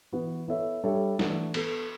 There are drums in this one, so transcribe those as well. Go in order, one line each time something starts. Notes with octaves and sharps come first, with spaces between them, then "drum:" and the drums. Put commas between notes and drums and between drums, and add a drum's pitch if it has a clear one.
E3 B3 F#4 B4
B3 E4 A4 C#5 E5
G3 D4 A4 C#5 E5
E3 A3 D4 F#4, drum: snare
B3 F#4 A4, drum: cymbal